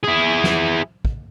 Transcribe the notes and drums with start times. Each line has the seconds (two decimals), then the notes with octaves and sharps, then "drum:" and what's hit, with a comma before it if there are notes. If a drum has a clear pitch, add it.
0.03 E4 G#4
0.44 drum: snare
1.05 drum: kick